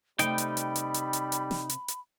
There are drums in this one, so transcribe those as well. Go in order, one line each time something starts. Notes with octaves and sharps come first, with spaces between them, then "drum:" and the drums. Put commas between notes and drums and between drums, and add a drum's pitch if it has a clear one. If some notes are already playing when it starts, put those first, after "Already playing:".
C3 G3 A3 D#4 G5 B5, drum: hi-hat
drum: hi-hat
drum: hi-hat
drum: hi-hat
drum: hi-hat
drum: hi-hat
drum: hi-hat
drum: snare
drum: hi-hat
drum: hi-hat